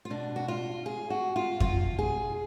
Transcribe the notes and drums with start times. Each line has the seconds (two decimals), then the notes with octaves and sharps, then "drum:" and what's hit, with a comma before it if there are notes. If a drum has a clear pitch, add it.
0.05 F4
0.10 B2 D4
0.36 F#4
0.48 F4
0.86 G#4
1.10 F#4
1.36 F4
1.60 B2 F4, drum: kick F2
1.99 G#4